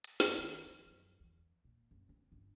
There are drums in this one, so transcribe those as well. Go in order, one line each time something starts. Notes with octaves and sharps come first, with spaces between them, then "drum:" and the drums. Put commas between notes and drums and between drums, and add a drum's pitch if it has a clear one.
drum: hi-hat
F#2, drum: snare
D#3
F2
F#2
E2
A#2
F#1
C4
G1